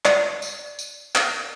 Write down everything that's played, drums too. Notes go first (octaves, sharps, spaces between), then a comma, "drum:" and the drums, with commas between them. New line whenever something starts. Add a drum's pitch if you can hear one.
D5, drum: clap
drum: tambourine
drum: tambourine
drum: clap